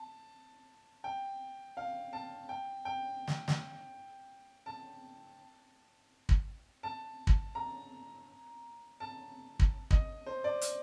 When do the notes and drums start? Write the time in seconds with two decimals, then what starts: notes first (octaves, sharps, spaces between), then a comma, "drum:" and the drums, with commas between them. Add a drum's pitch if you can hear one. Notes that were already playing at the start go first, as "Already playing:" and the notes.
Already playing: A5
1.04 G5
1.77 F5
2.13 A5
2.49 G5
2.85 G5
3.28 drum: snare
3.48 drum: snare
4.66 A5
6.29 drum: kick
6.83 A5
7.27 drum: kick
7.55 A#5
9.00 A5
9.59 drum: kick
9.91 D#5, drum: kick
10.26 C5
10.44 D5
10.61 drum: hi-hat